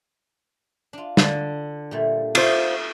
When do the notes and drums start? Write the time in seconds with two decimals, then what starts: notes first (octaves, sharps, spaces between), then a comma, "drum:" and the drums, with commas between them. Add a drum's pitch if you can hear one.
0.93 D4 F4
1.17 D3, drum: snare
1.91 A#2 G3 A3
2.35 E4 F4 A4 C5, drum: cymbal